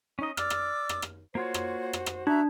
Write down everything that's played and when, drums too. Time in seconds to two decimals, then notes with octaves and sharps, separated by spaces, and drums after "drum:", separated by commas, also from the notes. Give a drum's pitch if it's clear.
0.19 C#4 D#4 D#5
0.37 D5 D6 E6 F6, drum: rim click
0.50 drum: rim click
0.89 drum: rim click
1.02 drum: rim click
1.35 A#3 F4 F#4 C5 C#5
1.54 drum: rim click
1.93 drum: rim click
2.06 drum: rim click
2.27 D4 F#4 E5 A#5